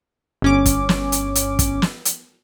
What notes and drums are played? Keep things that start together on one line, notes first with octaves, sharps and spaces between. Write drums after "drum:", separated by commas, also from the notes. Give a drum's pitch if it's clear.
G1 C#4 D6
drum: kick, hi-hat
drum: snare
drum: hi-hat
drum: hi-hat
drum: kick, hi-hat
drum: snare
drum: hi-hat